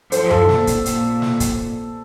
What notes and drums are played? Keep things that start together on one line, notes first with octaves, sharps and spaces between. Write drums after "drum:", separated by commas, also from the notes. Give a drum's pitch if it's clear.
F3 A4 C5, drum: hi-hat
A4, drum: tom F#2
A#2, drum: snare
drum: kick, hi-hat
A#2, drum: hi-hat
drum: snare
drum: kick, hi-hat